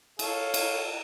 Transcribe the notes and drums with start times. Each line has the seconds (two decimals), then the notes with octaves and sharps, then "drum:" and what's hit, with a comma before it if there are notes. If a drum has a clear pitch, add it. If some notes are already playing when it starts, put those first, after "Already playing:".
0.19 A4 C#5 F5, drum: cymbal
0.54 drum: cymbal